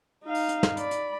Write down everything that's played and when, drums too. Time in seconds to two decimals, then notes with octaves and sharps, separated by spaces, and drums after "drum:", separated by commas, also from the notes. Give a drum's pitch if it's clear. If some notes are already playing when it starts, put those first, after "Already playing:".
0.24 D#4 F5
0.35 drum: open hi-hat
0.49 drum: hi-hat
0.63 drum: snare
0.77 D5 B5, drum: hi-hat
0.91 drum: hi-hat